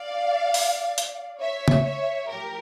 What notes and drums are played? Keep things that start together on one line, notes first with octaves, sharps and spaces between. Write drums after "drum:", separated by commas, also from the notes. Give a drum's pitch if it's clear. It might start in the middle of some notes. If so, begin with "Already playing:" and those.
Already playing: D5 F5
drum: open hi-hat
drum: hi-hat
C#5 E5
drum: tom C#3
C#5 E5
A2 F3 G4 A#4